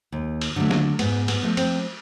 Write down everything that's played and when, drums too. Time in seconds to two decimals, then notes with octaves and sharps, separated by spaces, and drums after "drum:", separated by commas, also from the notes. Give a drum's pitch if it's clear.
0.12 D#2
0.41 drum: cymbal
0.56 D3 F#3 A3
0.71 drum: snare
0.99 G#2 B3, drum: cymbal
1.28 B3, drum: cymbal
1.43 F3 A3
1.57 C4, drum: cymbal